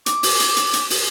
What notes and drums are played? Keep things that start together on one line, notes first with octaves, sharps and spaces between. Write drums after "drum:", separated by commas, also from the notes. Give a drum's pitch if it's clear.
D6, drum: hi-hat
drum: open hi-hat
drum: hi-hat
drum: hi-hat
drum: hi-hat
drum: open hi-hat